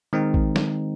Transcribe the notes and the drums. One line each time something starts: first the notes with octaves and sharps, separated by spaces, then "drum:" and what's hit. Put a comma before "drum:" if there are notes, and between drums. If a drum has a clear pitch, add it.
D#3 G#3 C4 D#4
drum: kick A1
drum: snare